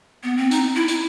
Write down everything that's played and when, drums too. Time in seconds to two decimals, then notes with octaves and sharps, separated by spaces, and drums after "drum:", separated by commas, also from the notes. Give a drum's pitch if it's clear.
0.23 B3
0.37 C4
0.51 D#4, drum: hi-hat
0.76 E4
0.88 drum: hi-hat